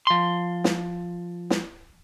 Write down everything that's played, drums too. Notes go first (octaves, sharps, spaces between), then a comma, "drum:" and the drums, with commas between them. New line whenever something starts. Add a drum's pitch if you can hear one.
F3 C6
drum: snare
drum: snare